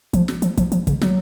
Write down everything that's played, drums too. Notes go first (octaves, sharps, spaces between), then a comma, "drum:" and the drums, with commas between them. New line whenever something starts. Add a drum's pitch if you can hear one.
F3, drum: kick, hi-hat
drum: snare
F3, drum: hi-hat
F3, drum: kick, hi-hat
F3, drum: hi-hat
C#3, drum: kick, hi-hat
F#3, drum: snare